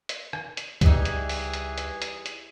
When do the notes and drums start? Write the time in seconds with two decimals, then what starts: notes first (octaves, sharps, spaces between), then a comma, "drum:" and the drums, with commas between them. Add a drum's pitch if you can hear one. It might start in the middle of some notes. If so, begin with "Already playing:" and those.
0.09 drum: hi-hat
0.33 drum: rim click
0.57 drum: hi-hat
0.81 C#2 E3 G3 D#4 G#4, drum: kick C2, hi-hat
1.05 drum: hi-hat
1.29 drum: open hi-hat
1.53 drum: hi-hat
1.78 drum: hi-hat
2.02 drum: hi-hat
2.26 drum: hi-hat